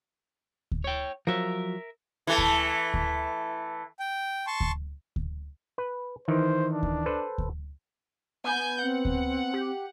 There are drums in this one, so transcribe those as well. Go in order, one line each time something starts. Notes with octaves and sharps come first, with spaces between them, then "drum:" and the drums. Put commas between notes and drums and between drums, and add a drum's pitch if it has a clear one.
drum: kick D2
C#5 G5
F3 F#3 A#4 E5
E3 A3
drum: kick D2
drum: kick D2
G5
A5 C6 C#6
drum: kick D2
drum: kick D2
B4
D#3 E3 C5
D4
drum: kick D2
A4 B4 C5
drum: kick D2
B3 G#5 G6
C4 F#5
drum: kick D2
G4